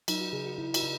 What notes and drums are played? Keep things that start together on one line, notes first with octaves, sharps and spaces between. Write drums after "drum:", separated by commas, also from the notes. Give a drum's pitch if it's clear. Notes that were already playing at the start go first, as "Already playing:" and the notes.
F#3 D#4, drum: cymbal
F#4
C#3 G#4
F#4
C#3 E4
F#4, drum: cymbal
C#3